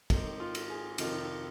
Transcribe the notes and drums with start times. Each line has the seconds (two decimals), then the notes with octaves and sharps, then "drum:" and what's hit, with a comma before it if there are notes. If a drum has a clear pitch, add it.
0.10 G#2 D#3 C4, drum: kick, cymbal
0.40 F4
0.55 drum: cymbal
0.70 G#4
0.98 F2 C3 D#3 F4, drum: cymbal